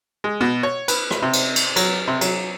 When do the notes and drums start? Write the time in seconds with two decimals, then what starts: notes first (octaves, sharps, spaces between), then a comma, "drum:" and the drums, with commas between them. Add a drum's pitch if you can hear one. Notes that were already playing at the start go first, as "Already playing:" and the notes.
0.24 G#3
0.41 B2
0.63 C#5
0.88 B4, drum: cymbal
1.11 drum: rim click
1.22 C3
1.33 drum: cymbal
1.56 drum: cymbal
1.76 F#3, drum: cymbal
2.08 C3
2.21 F#3, drum: cymbal